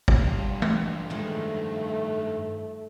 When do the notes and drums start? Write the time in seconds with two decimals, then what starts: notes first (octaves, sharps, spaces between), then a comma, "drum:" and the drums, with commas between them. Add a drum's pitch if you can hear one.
0.08 drum: kick
0.18 G2 G3 F4
0.62 drum: tom E3
1.10 D#3 F3 G#3 A3